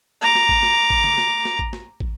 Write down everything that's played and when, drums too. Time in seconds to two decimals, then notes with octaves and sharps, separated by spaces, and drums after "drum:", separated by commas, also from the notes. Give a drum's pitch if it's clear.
0.22 A#5 D6
0.35 drum: snare
0.49 drum: kick
0.63 drum: snare
0.90 drum: kick
1.04 drum: tom C#3
1.18 drum: snare
1.45 drum: snare
1.59 drum: kick
1.73 drum: snare
2.00 drum: kick